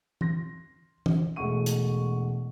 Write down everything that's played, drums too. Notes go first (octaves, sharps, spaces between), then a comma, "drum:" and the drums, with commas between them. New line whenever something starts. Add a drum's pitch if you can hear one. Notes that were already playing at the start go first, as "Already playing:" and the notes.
C6 A#6, drum: tom E3
drum: tom
E1 G#3 A3 F#5 C#6 D#7
drum: hi-hat